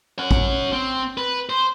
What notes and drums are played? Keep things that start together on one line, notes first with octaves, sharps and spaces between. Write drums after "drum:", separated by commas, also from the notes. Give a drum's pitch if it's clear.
C#4 F#5
drum: kick
C4
B4
C5